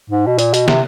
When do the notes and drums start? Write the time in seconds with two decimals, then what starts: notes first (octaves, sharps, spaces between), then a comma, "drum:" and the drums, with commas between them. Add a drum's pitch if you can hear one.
0.10 G#2
0.27 B2
0.39 A#2, drum: hi-hat
0.54 B2, drum: hi-hat
0.68 C3, drum: snare